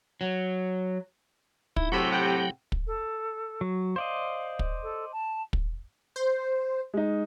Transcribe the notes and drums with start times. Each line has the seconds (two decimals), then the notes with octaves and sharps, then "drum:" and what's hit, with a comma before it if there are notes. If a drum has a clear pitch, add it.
0.21 F#3
1.76 D#4 E4, drum: kick
1.92 A2 C3 F#3 F#4 G4 B5 E6
2.12 F#5 G5
2.72 drum: kick
2.87 A4
3.61 F#3
3.96 C5 D5 D#5 F5
4.59 drum: kick
4.83 A4
5.12 A5
5.53 drum: kick
6.16 C5
6.94 G#3 D#4